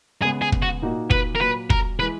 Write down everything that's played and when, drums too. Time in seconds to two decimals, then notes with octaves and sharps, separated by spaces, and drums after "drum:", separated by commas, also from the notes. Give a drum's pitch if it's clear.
0.22 C#3 G#3 B3 G#4
0.42 G#4
0.52 drum: kick
0.62 F#4
0.82 A#2 A#3 D#4 F#4
1.11 B4, drum: kick
1.35 A#4
1.40 A#2 F#3 A#3 B4
1.70 A#4, drum: kick
1.99 E3 G#3 B4